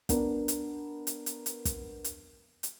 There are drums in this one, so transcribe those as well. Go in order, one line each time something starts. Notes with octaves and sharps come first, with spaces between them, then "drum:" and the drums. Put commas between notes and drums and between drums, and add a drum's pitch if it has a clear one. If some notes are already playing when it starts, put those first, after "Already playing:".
B3 D4 A#4, drum: kick, hi-hat
drum: hi-hat
drum: hi-hat
drum: hi-hat
drum: hi-hat
drum: kick, hi-hat
drum: hi-hat
drum: hi-hat